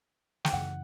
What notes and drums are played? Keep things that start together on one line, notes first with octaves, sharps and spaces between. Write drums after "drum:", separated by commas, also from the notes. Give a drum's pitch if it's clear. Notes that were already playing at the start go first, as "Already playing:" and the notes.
G5, drum: snare
F#2 C#3 E3 F#5